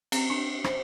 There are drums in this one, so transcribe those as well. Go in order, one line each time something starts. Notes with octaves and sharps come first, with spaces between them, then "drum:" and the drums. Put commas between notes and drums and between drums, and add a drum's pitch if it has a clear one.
C4, drum: cymbal
D4
C5, drum: rim click